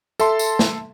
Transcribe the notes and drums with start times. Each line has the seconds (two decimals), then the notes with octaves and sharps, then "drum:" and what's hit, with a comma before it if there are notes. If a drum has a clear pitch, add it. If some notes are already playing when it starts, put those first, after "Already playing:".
0.19 A4 E5 A5 C6, drum: tambourine
0.39 drum: tambourine
0.59 drum: snare